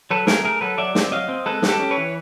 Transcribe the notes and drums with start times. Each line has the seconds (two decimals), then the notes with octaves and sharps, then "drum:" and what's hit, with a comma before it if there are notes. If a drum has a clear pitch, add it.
0.11 F#3 A4 B4
0.27 A3 G#4 A#4, drum: snare
0.44 A3 G#4 A#4
0.61 F#3 A4 B4
0.78 F#3 D5 E5
0.95 C4, drum: snare
1.12 F#3 D#5 F5
1.29 C4
1.46 G#3 A4 B4
1.62 G#3, drum: snare
1.69 G4 A4
1.80 C#4
1.91 B4 C#5
1.97 E3